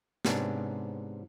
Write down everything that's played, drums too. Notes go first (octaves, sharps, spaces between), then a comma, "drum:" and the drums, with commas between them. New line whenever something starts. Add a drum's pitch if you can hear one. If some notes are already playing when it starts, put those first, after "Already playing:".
G#2 C3 B3 C#4 D4, drum: snare